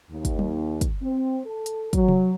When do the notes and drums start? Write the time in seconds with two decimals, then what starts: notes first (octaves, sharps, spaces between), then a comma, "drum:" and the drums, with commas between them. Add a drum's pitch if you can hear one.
0.11 D#2
0.25 drum: kick, hi-hat
0.39 drum: tom F#3
0.81 drum: kick, hi-hat
1.02 C4
1.45 A4
1.66 drum: hi-hat
1.93 F#3, drum: kick, hi-hat
2.08 drum: tom C3